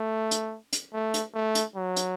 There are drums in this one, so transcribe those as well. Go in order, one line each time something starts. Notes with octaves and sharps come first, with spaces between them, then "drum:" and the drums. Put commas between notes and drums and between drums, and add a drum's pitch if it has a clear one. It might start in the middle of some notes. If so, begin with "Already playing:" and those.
Already playing: A3
drum: hi-hat
drum: hi-hat
A3
drum: hi-hat
A3
drum: hi-hat
F#3
drum: hi-hat